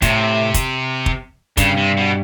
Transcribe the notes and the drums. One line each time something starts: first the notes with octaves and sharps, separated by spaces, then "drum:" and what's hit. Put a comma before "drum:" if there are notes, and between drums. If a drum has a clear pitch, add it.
A2 C3, drum: kick, hi-hat
drum: kick, hi-hat
drum: kick
G2 C#3, drum: kick, hi-hat
C3
B2